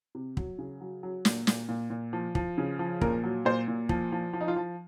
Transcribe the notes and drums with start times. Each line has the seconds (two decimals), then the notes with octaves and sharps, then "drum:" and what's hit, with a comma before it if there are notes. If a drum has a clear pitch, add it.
0.15 C3
0.37 F#3, drum: kick
0.59 C#3
0.81 F#3
1.03 F#3
1.25 A#2, drum: snare
1.47 A#2, drum: snare
1.69 A#2
1.90 A#2
2.13 F3
2.35 F3, drum: kick
2.58 C#3
2.79 F3
3.01 A#2 A#4, drum: kick
3.24 F#3
3.45 A#2 C5
3.68 A#2
3.89 F3, drum: kick
4.12 F3
4.33 F3
4.41 D#4
4.48 F4
4.56 F3